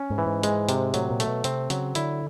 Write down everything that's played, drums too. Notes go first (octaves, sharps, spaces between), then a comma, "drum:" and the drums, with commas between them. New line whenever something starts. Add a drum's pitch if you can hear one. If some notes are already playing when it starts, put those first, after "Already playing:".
Already playing: C#4
G#2
E3
G#2
G#3, drum: hi-hat
C3, drum: hi-hat
A2 F#3, drum: hi-hat
A#2
A3, drum: hi-hat
B2
C3 C4, drum: hi-hat
C#3 F#3, drum: hi-hat
D3 E4, drum: hi-hat